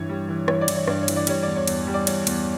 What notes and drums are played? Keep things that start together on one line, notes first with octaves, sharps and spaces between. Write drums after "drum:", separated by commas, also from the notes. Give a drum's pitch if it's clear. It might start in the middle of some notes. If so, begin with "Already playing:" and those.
Already playing: G2 E3 C#5
G3
E3
E3 C#5, drum: rim click
D5
E3, drum: cymbal
C#5
G2 D5, drum: rim click
C#5
E3, drum: cymbal
D5
G3 C#5, drum: cymbal
E2 D5
C#5
E2, drum: cymbal
G3
D5
E2 C#5, drum: cymbal
E2, drum: cymbal